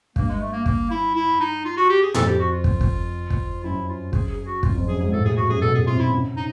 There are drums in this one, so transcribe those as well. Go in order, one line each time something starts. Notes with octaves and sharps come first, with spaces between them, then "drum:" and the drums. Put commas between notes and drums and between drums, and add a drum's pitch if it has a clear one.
G2 A#3, drum: kick
G#3
A3
A#3
A#3, drum: kick
E4
E4
D#4
F4
F#4
G4
G#4
F2 A4, drum: tom A2
G4
F#4
F4
drum: kick
drum: kick
drum: kick
F#2 E4
F4
G#4, drum: kick
G#4
F#4
F#2 F4, drum: kick
F2
F#2 G#4
G#2 G#4
A2 A4
A#2 G#4
F#4
F#2 G#4
B2 A4
G#4
C3 F4
E4
C#3
D#4